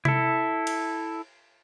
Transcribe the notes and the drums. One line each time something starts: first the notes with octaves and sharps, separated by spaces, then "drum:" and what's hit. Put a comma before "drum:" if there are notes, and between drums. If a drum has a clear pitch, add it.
E4 A4, drum: tom C3
drum: cymbal